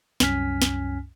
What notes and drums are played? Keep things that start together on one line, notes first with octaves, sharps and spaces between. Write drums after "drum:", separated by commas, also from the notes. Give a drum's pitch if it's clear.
C2 F#2 C#4 G#5 F6 B6, drum: snare
drum: snare